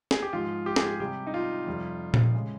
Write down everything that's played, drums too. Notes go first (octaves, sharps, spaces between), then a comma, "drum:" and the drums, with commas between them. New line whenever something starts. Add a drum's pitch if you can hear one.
G#4, drum: snare
G4
G#2 F3 G#3 F4
G4
G#4, drum: snare
G4
C3 G3 G4
D#4
F4
F2 C3 G3
drum: tom A#2
C#3 G#3